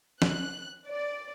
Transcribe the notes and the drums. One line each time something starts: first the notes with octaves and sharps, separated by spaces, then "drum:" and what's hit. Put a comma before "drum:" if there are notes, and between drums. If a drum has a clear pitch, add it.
F#6, drum: snare
D5